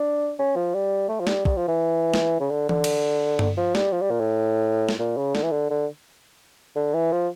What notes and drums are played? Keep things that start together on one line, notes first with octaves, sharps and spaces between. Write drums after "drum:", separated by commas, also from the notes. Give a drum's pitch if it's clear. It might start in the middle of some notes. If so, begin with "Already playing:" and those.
Already playing: D4
C#4
F3
G3
A3
F3
G3, drum: snare
G3, drum: kick
F3
E3
drum: snare
C#3
D3
D3, drum: tom E3
drum: cymbal
drum: tom G2
F3
G3, drum: snare
F3
G3
A#2
A2
drum: snare
A#2
C#3
D3, drum: snare
E3
D3
D3
D3
E3
F3